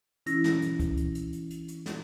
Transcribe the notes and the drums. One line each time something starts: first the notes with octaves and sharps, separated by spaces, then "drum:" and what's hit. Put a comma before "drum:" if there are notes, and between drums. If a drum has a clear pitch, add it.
E3 C#4 E4 E6 A#6, drum: hi-hat
drum: snare
drum: hi-hat
drum: kick C2, hi-hat
drum: hi-hat
drum: hi-hat
drum: hi-hat
drum: hi-hat
drum: hi-hat
drum: snare